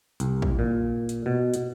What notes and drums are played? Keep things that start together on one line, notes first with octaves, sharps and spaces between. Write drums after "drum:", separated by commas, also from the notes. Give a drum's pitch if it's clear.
C2, drum: hi-hat
drum: kick
A#2
drum: hi-hat
B2
drum: hi-hat